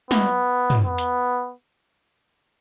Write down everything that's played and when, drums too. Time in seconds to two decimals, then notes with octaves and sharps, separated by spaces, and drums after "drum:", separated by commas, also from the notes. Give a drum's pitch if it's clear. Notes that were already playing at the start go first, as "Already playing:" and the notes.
0.11 B3, drum: snare
0.70 drum: tom
0.86 B3
0.98 drum: hi-hat